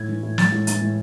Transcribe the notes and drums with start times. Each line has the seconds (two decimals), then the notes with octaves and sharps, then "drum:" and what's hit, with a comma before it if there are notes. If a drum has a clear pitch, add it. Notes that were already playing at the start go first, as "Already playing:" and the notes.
Already playing: A2 G#6
0.08 E3
0.23 A2
0.38 G#3 A6, drum: snare
0.52 A2
0.67 E3, drum: hi-hat
0.81 A2